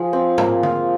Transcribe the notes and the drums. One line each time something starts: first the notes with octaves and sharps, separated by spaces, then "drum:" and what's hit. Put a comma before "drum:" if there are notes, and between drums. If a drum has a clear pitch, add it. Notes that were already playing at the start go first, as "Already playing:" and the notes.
Already playing: F3 F4 G#4
C4
A#3, drum: tom
F4, drum: tom D3